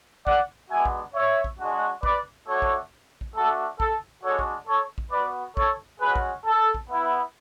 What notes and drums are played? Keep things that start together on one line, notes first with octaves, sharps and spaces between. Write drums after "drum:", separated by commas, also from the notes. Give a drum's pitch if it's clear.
D5 F#5, drum: kick A#1
G#3 B3 D4 F#4 E5 G#5
drum: kick A#1
C#5 E5
drum: kick A#1
G#3 D4 F#4
B4 D5, drum: kick A#1
A3 D4 F#4 A4 C#5
drum: kick A#1
drum: kick A#1
A3 D4 F#4 A4
A4, drum: kick A#1
G#3 D4 F#4 A4 C#5
drum: kick A#1
A4 C#5
drum: kick A#1
B3 F#4 B4 D5
A4 C#5, drum: kick A#1
G#3 C#4 F#4 G#4 B4
drum: kick A#1
A4
drum: kick A#1
B3 E4